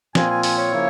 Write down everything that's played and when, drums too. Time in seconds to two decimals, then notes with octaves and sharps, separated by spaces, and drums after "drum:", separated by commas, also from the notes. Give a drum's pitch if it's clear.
0.15 A#2 F3 C4 F4 G#5, drum: snare
0.30 G#5
0.43 G#5, drum: open hi-hat
0.57 C#5
0.72 C#3 F3 A#3 E4